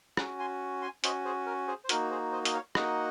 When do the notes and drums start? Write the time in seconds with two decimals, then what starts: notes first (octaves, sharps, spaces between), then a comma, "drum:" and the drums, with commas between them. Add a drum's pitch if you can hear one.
0.17 C#4 F#4 F#5 A#5, drum: rim click
0.39 G#5 C6
0.82 G#5 C6
1.04 C#4 F#4 C5 D#5, drum: hi-hat
1.25 G#4 C5
1.46 A#4
1.68 G#4 C5
1.84 C5
1.89 A#3 D#4 F#4 A#4, drum: hi-hat
2.11 G#4 C5
2.32 C5 D#5
2.45 D#5, drum: hi-hat
2.53 C#5 F5
2.75 A#3 D#4 F#4 D#5 F#5, drum: rim click